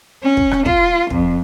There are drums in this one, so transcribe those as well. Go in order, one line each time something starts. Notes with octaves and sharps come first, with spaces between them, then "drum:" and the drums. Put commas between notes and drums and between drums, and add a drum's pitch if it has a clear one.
C#4
drum: kick
drum: rim click
F4, drum: kick
F2, drum: kick